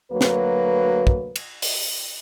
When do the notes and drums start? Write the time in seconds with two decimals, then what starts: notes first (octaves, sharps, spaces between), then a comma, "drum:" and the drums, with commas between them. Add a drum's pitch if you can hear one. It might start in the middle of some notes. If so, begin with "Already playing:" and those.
0.11 D2 F#3 A#3 B4
0.21 drum: snare
1.07 drum: kick
1.36 drum: cymbal
1.62 drum: open hi-hat